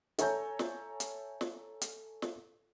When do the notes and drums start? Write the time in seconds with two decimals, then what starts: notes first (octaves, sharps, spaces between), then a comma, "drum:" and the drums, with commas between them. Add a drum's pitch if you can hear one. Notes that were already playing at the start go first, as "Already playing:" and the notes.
0.18 A4 C#5 E5 G#5 A#5 G6, drum: hi-hat
0.59 drum: snare
1.00 drum: hi-hat
1.41 drum: snare
1.81 drum: hi-hat
2.22 drum: snare